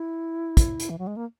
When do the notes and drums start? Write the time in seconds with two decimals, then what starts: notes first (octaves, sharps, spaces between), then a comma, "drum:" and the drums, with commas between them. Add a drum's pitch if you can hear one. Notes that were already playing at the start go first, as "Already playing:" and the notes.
Already playing: E4
0.57 drum: kick, hi-hat
0.80 drum: hi-hat
0.90 E3
0.99 F#3
1.07 G#3
1.17 A#3